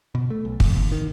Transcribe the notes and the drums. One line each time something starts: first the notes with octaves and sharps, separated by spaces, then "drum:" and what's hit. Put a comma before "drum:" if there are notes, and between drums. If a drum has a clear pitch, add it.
B2
A3
B1
F2, drum: kick
D#2
D#3